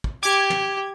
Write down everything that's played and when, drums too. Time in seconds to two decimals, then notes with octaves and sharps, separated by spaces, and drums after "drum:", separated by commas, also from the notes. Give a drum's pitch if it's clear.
0.04 drum: kick
0.23 G4 D6 G#6
0.50 drum: tom